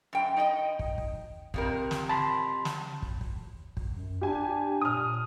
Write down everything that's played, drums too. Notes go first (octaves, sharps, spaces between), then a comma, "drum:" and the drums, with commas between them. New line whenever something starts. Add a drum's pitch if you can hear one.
F#2 G5
D#4 D#5 G5
drum: kick
drum: kick
F2 C3 A#4, drum: kick
drum: snare
A5 B5 C6
drum: snare
drum: kick
drum: kick
drum: kick
F#2
D4 G4 G#5
A#2 D#6 F6